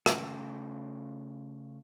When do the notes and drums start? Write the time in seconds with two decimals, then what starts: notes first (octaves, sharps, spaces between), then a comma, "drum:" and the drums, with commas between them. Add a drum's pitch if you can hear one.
0.06 C#3 A3 G5, drum: rim click